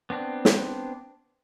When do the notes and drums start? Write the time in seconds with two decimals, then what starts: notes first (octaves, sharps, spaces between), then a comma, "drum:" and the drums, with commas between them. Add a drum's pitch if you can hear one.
0.10 B3 C4 D4
0.45 drum: snare